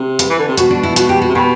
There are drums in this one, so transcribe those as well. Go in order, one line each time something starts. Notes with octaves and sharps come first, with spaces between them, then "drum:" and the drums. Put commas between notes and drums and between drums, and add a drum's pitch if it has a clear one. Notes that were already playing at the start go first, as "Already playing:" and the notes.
Already playing: C3
B4, drum: hi-hat
E3
D3
C3
B2 F#4, drum: hi-hat
D4
E4
F#4, drum: hi-hat
G4
F#4
C3
B2 G4